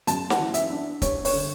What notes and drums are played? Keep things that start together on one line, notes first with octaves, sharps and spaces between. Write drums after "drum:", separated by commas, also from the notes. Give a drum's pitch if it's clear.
F#2 A5, drum: hi-hat
F#5, drum: snare
E3
E5, drum: hi-hat
D4
G2 C#5, drum: kick, hi-hat
C#5, drum: open hi-hat
D3